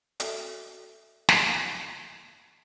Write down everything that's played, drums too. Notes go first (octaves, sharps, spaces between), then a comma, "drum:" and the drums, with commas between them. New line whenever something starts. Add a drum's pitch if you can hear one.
F#4 A4 E5, drum: hi-hat
drum: snare